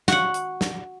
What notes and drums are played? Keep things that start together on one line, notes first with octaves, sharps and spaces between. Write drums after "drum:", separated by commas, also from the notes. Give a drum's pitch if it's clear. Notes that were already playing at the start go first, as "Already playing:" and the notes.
F#4 F#5, drum: snare
drum: hi-hat
drum: snare